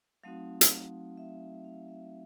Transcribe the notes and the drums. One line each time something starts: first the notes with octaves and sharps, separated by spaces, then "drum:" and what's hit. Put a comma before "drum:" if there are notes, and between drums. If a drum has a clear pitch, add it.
F#3 A3 C4 D#4 F#4 F5
drum: hi-hat
E5
F5
E5